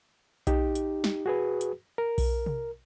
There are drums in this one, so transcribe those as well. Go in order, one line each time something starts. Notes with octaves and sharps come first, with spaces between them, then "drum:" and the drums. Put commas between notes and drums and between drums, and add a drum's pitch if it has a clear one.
D#4 G4, drum: kick B1, hi-hat
drum: hi-hat
drum: snare
F#4 G#4 B4
drum: hi-hat
A#4
drum: kick B1, open hi-hat
drum: tom